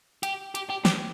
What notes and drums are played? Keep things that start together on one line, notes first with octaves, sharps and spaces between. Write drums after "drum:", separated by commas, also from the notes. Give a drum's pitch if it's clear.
G4, drum: hi-hat
G4, drum: hi-hat
G4
G4, drum: snare